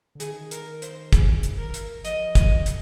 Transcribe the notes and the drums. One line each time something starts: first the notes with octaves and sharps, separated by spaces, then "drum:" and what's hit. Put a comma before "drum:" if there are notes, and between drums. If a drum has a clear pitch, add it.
D3
D#3 G#4, drum: hi-hat
A#4, drum: hi-hat
C5, drum: hi-hat
G#4, drum: kick, hi-hat
drum: hi-hat
A#4
drum: hi-hat
F3 D#5, drum: hi-hat
D#5, drum: kick, hi-hat
D#3
D3
drum: hi-hat